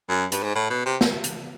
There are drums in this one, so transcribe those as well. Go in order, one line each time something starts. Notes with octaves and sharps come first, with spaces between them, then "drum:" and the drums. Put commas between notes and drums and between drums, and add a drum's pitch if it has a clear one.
F#2
G2, drum: hi-hat
G#2
A2
B2
C3
drum: snare
drum: hi-hat